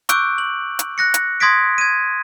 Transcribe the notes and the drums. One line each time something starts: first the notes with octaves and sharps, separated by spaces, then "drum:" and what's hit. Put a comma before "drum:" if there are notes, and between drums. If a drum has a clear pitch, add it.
C#6 D6 E6 F#6 G6 D7, drum: hi-hat
F#7
drum: hi-hat
F#6 A#6 C#7
drum: hi-hat
C6 D#6 G#6 A#6 B6 D7
G#6 D#7